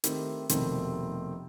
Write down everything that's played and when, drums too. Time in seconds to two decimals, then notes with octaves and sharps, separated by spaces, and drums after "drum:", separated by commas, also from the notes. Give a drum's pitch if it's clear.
0.04 D#3 A3 C4 E4 G4, drum: hi-hat
0.49 F1 B2 D#3 G3 A3 C4, drum: hi-hat